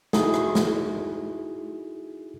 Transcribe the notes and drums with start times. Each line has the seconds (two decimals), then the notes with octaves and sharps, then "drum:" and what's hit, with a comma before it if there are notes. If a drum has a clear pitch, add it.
0.13 D#4 E4 F#4 G#4 A4, drum: snare
0.34 drum: rim click
0.55 drum: snare